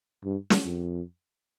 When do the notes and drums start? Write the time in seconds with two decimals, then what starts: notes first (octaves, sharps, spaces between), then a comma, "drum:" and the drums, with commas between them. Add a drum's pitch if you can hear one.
0.24 G2
0.50 drum: snare
0.65 F2